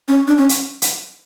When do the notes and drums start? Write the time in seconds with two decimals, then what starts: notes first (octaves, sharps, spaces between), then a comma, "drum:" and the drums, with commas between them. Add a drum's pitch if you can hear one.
0.08 C#4
0.28 D4
0.38 C#4
0.49 drum: hi-hat
0.82 drum: hi-hat